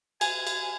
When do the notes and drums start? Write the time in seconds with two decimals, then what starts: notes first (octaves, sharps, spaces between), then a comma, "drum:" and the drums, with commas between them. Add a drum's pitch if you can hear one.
0.21 G#5, drum: cymbal
0.47 drum: cymbal